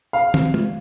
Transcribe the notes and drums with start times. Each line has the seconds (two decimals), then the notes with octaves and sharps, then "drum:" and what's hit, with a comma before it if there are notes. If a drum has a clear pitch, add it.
0.13 F5
0.34 drum: tom
0.54 drum: tom